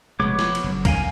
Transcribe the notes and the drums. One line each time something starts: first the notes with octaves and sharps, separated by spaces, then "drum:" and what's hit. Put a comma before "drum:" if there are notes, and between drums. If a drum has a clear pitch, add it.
F1 B2 G#3 B3 C#5 D6
F3, drum: snare
drum: cymbal
F#1
F2 A2 D3 A#4 F5 G#5, drum: kick, cymbal